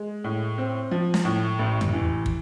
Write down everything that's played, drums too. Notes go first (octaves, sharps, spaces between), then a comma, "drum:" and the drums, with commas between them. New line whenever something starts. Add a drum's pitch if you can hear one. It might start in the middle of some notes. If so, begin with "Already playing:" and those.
Already playing: G#3
A2
C4
F3
drum: snare
A2
A1
drum: tom
E3
drum: kick